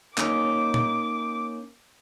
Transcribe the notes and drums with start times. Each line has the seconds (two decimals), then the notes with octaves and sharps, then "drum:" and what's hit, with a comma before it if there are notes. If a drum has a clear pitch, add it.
0.18 A#3 C#4 D#4 D6, drum: clap
0.74 drum: tom A#2